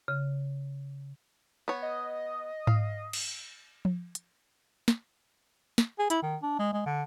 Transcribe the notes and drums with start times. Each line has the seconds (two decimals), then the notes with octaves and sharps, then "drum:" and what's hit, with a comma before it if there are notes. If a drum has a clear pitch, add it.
0.08 C#3
1.68 B3 C#5
1.83 D#5
2.67 F5, drum: tom G#2
3.13 drum: cymbal
3.85 drum: tom F3
4.15 drum: hi-hat
4.88 drum: snare
5.78 drum: snare
5.99 G#4
6.10 E4, drum: hi-hat
6.22 D#3
6.43 D4
6.59 G#3
6.73 G#3
6.86 D3